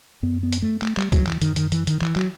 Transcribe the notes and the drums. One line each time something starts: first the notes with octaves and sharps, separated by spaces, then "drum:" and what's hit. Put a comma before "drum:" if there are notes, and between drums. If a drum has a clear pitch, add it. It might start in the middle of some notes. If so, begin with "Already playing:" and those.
F#2 B3
B3
drum: hi-hat
A3
A3, drum: clap
G3, drum: clap
F#3, drum: kick, hi-hat
E3, drum: clap
F#2 D#3, drum: hi-hat
D#3, drum: hi-hat
E3, drum: hi-hat
D#3, drum: hi-hat
E3, drum: clap
F#3, drum: clap